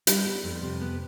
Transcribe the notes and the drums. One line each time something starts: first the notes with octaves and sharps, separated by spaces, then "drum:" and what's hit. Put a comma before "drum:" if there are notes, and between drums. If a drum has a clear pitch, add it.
G3, drum: hi-hat
B3
F2
C3
B3